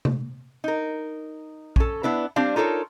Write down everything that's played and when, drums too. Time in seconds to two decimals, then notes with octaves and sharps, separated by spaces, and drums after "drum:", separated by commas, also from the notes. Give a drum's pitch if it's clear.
0.05 drum: tom C3
0.64 D#4 A#4
1.76 C#4 A4, drum: kick
2.03 B3 D4 E4 B4
2.36 G3 C4 D4 F5
2.56 D#4 F4 A4 A#4 C#5